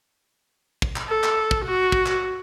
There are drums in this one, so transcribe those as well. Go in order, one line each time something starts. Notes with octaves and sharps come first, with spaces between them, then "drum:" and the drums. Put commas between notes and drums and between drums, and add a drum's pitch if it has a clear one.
drum: kick
drum: clap
A4
drum: clap
drum: kick
F#4
drum: kick
drum: clap